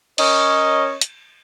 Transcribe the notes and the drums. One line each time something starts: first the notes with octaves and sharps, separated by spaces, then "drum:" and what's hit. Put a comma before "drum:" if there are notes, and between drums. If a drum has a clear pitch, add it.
C#4 A#4 C#5 D#5, drum: cymbal
drum: hi-hat